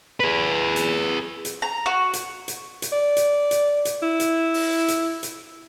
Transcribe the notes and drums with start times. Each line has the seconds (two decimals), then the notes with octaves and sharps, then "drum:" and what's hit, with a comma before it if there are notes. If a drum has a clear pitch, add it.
0.20 G#4 B4
0.76 drum: hi-hat
1.45 drum: hi-hat
1.62 A#5
1.86 F#4
2.13 drum: hi-hat
2.48 drum: hi-hat
2.82 drum: hi-hat
2.92 D5
3.17 drum: hi-hat
3.51 drum: hi-hat
3.85 drum: hi-hat
4.02 E4
4.20 drum: hi-hat
4.54 drum: open hi-hat
4.88 drum: hi-hat
5.23 drum: hi-hat